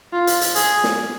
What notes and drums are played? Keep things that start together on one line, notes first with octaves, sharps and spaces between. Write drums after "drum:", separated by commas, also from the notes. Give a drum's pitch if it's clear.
F4
drum: hi-hat
drum: hi-hat
G#4, drum: hi-hat
drum: snare